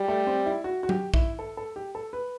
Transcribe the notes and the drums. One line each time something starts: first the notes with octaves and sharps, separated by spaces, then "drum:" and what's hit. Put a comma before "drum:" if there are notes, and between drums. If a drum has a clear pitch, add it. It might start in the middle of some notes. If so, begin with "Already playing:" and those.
Already playing: G3
A3
C4
E4
F#4
F#4
G4, drum: tom F#3
E4, drum: kick
A4
A4
G4
A4
B4